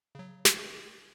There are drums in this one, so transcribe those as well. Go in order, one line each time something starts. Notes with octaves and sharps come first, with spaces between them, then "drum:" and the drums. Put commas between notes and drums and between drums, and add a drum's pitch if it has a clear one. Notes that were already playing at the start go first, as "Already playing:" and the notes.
C#3 F#3
drum: snare